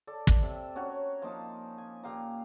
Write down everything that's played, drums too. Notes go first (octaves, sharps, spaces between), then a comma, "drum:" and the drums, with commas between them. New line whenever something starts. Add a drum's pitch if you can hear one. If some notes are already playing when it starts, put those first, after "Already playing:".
A4 D5
drum: kick
C3
C#4 F#4 C#5 A#5
F3 A#3 D#4 A5
G#5
A#2 G4 F5 A#5